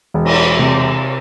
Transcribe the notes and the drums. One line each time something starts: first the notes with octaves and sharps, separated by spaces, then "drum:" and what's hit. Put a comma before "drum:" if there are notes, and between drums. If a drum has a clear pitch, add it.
E1
drum: cymbal
C3